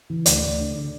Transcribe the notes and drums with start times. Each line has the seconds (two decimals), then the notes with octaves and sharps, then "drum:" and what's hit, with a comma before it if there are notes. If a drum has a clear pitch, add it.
0.10 E3
0.26 D2 D5, drum: hi-hat
0.43 D2
0.59 D3
0.75 D3